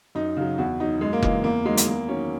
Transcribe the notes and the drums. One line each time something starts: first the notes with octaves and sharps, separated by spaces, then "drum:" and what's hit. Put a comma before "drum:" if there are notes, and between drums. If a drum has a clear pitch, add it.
F#2 D#4
C#3 F#3
E2 F#4
D#3 F#3 D#4
F#2 G#3
A#3
C#3 E3 G#3, drum: kick F1
E2 A#3
D#3 F#3 G#3
drum: hi-hat
E2 A#3
D#3 F#3 C#4